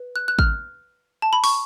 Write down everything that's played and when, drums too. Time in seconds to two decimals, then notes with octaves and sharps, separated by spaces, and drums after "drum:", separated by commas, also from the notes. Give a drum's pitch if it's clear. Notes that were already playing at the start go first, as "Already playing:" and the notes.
Already playing: B4
0.16 F#6
0.28 F#6
0.39 F6, drum: kick
1.22 A5
1.33 B5
1.44 C#6, drum: open hi-hat